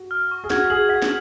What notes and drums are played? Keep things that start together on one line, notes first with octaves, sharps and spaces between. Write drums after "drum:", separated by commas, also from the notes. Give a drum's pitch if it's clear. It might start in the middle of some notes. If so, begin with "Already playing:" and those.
Already playing: F#4
F6
C#6
G#4
F#4 G#6, drum: snare
G#4 F#7
F#5 B6
drum: snare